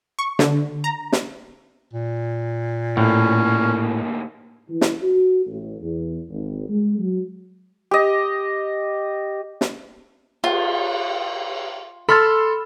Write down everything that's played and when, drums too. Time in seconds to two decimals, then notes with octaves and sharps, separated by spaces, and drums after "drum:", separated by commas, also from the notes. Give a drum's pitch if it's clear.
0.19 C#6
0.39 D3, drum: snare
0.84 A#5
1.12 drum: snare
1.93 A#2
2.97 D2 A2 A#3 C#4
4.69 E3
4.81 drum: snare
5.02 F#4
5.46 A1
5.81 E2
6.30 G#1
6.69 G#3
7.00 F#3
7.91 G4 D#5
9.61 drum: snare
10.44 F4, drum: cymbal
12.09 A4 B5 C6 E6 F6 A6